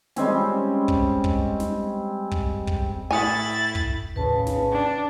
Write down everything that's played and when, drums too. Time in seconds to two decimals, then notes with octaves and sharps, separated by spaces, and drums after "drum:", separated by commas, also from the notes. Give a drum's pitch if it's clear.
0.16 G3 G#3 C4 C#4, drum: snare
0.88 drum: kick
1.24 drum: kick
1.60 drum: snare
2.31 drum: kick
2.67 drum: kick
3.11 A2 E4 G#5 D#6 A6
3.75 drum: kick
4.16 A#1 D#2 A2 C#3 B4 A5
4.47 drum: snare
4.72 D4 G5